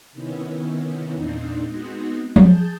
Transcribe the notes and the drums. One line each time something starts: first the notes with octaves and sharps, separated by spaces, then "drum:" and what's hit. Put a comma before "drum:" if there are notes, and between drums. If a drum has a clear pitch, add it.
C3 D#3 B3 C#4 E4
E2 A#2 C4 D4 D#4
G#3 B3 C4 D#4 F#4
G#4 A5 G6, drum: tom F3